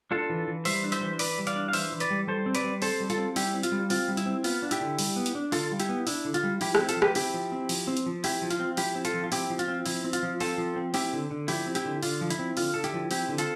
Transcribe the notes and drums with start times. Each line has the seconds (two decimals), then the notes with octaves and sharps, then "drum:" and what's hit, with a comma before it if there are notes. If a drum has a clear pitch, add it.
0.11 D4 F4 A4
0.30 E3
0.48 E3
0.65 G3 C5 E5, drum: open hi-hat
0.84 D4
0.92 C5 E5, drum: hi-hat
1.01 E3
1.19 E3 B4 D5, drum: open hi-hat
1.38 G3
1.47 D5 F5, drum: hi-hat
1.56 D4
1.68 F5
1.73 E3 C5 E5, drum: open hi-hat
1.92 E3
2.00 B4 D5, drum: hi-hat
2.11 G3
2.28 G3 A4 C5
2.46 C4
2.55 B4 D5, drum: hi-hat
2.64 G3
2.82 C4 A4 C5, drum: open hi-hat
3.00 G3
3.10 F4 A4, drum: hi-hat
3.18 C4
3.36 G3 E4 G4, drum: open hi-hat
3.54 C4
3.63 F4, drum: hi-hat
3.72 G3
3.90 C4 F4, drum: open hi-hat
4.08 G3
4.17 E4, drum: hi-hat
4.26 C4
4.44 B3 F4, drum: open hi-hat
4.62 D4
4.71 E4 G4, drum: hi-hat
4.81 D3
4.99 G3, drum: open hi-hat
5.16 B3
5.26 drum: hi-hat
5.35 D4
5.52 D3 F4 A4, drum: open hi-hat
5.72 G3
5.80 E4 G4, drum: hi-hat
5.89 B3
6.07 D4 E4, drum: open hi-hat
6.25 D3
6.34 F4, drum: hi-hat
6.43 G3
6.61 F3 E4 G4, drum: open hi-hat
6.75 E4 G4, drum: rim click
6.79 C4
6.89 F4 A4, drum: hi-hat
6.97 F3
7.02 G4 B4, drum: rim click
7.15 C4 E4 G4, drum: open hi-hat
7.34 F3
7.52 C4
7.69 F3, drum: open hi-hat
7.87 C4
7.97 drum: hi-hat
8.06 F3
8.24 C4 E4 G4, drum: open hi-hat
8.42 F3
8.51 F4, drum: hi-hat
8.59 C4
8.77 F3 E4 G4, drum: open hi-hat
8.95 C4
9.05 F4 A4, drum: hi-hat
9.14 F3
9.24 F4
9.32 C4 E4 G4, drum: open hi-hat
9.50 F3
9.59 F4, drum: hi-hat
9.68 C4
9.86 F3 E4, drum: open hi-hat
10.04 C4
10.13 F4, drum: hi-hat
10.23 F3
10.40 C4 F4 A4, drum: open hi-hat
10.58 F3
10.76 C4
10.94 C4 E4 G4, drum: open hi-hat
11.13 D3
11.31 D3
11.48 F3 E4 G4, drum: open hi-hat
11.66 C4
11.75 E4 G4, drum: hi-hat
11.85 D3
12.03 D3 F4, drum: open hi-hat
12.21 F3
12.30 E4, drum: hi-hat
12.39 C4
12.57 D3 F4, drum: open hi-hat
12.74 D3 A4
12.84 E4 G4, drum: hi-hat
12.94 F3
13.11 C4 E4 G4, drum: open hi-hat
13.29 D3
13.38 F4 A4, drum: hi-hat